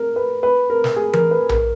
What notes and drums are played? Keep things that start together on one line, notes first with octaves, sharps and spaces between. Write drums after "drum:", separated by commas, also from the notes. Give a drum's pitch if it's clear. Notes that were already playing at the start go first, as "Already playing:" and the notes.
Already playing: A#4
B4
B4
A#4
drum: snare
G#4
A#4, drum: tom E3
B4
A#4, drum: tom A#1